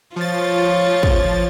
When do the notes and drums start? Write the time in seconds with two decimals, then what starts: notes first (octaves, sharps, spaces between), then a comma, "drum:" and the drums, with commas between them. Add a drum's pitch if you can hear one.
0.16 F3 F4 C#5 A6
1.03 drum: kick